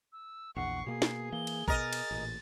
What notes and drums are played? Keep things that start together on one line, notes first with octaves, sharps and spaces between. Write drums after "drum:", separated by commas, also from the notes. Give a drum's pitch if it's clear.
E6
A#1 E2 F#5 C#6 C7
B2 A#3 G#4
drum: snare
E3 A#3 G7
drum: cymbal
B2 A#4 D#5 A6, drum: kick A1
drum: cymbal
A1 A#2